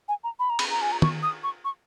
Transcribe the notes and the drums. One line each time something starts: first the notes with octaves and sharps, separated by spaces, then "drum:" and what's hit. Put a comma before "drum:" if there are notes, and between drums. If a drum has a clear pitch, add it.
G#5
A#5
B5
A#5
B5, drum: cymbal
A#5
G#5
A#5
C#6, drum: tom
D#6
C#6
C#6